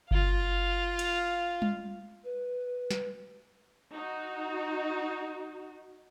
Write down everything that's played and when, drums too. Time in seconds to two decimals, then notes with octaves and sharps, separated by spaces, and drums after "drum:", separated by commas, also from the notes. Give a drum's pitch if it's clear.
0.11 F4 F5, drum: kick G1
0.99 drum: cymbal
1.62 drum: tom G3
2.24 B4
2.91 drum: snare
3.94 D#4 F#4